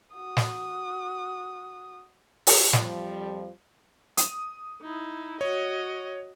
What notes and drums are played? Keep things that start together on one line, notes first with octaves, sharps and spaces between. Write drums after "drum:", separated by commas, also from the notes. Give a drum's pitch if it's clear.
F#4 D#6
drum: snare
drum: open hi-hat
F2 F3 G3, drum: snare
D#6, drum: hi-hat
D#4 E4
F#4 C#5 D#5